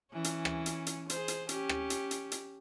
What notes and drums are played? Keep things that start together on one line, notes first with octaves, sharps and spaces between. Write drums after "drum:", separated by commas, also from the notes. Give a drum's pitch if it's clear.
E3 C#4
drum: hi-hat
drum: rim click
drum: hi-hat
drum: hi-hat
G#4 C5, drum: hi-hat
drum: hi-hat
C#4 G4, drum: hi-hat
drum: rim click
drum: hi-hat
drum: hi-hat
drum: hi-hat